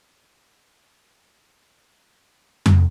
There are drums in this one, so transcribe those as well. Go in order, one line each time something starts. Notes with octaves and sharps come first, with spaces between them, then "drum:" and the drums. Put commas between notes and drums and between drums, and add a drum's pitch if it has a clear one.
B2 D3 F3 B5 C#7
drum: tom F2